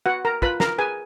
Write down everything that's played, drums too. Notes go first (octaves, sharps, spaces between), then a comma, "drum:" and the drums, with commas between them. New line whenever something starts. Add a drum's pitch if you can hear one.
F#4 B4 F#5
A#4 A#5
F4 B4 B5, drum: kick
A#4 A#5, drum: snare
G#4 B4 G#5